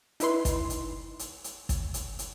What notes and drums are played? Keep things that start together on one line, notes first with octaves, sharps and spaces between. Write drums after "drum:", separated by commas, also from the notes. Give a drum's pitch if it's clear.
D#4 E4 B4 C6, drum: hi-hat
drum: kick, hi-hat
drum: hi-hat
drum: hi-hat
drum: hi-hat
drum: kick, hi-hat
drum: hi-hat
drum: hi-hat